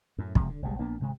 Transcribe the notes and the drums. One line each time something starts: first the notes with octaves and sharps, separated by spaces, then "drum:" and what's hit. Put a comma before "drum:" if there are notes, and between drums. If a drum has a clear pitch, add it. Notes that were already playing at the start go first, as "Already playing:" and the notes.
F#2 A2
F#1 C3 F3 G#3, drum: kick
D3
F#1 B1 G3 G#3
A#1 A#3 B3 D4
G#1 C3 G#3